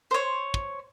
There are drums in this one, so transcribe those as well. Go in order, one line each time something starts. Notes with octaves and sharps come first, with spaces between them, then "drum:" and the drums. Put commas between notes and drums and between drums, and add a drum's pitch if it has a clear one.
C5 C#5
drum: kick